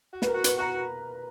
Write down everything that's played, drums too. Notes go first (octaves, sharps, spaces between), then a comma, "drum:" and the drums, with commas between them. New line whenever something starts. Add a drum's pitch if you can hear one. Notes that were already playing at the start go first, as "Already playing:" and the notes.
F#4
B4, drum: snare
A#4
F#4
B4, drum: hi-hat
F#4 A#5